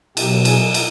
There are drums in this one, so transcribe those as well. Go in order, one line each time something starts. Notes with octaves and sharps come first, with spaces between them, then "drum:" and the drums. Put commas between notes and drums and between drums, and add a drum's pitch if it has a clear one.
B2 F#3 G4, drum: cymbal
G#4, drum: cymbal
drum: cymbal